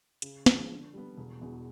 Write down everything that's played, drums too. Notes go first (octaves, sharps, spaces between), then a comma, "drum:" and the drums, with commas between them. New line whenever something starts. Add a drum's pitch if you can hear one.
C#3, drum: hi-hat
F3 G#3 C4, drum: snare
D3
G3 B3
E1
E2 B2